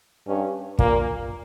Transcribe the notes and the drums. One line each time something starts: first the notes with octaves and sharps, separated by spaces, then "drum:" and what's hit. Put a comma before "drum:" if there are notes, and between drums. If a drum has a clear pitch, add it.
G2 C#4
A#2 A#3, drum: kick